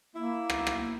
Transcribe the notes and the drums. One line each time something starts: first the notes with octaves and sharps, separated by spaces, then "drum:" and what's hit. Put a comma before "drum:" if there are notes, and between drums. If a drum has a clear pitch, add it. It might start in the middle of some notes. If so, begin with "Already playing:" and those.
A#3 E4
drum: rim click
drum: rim click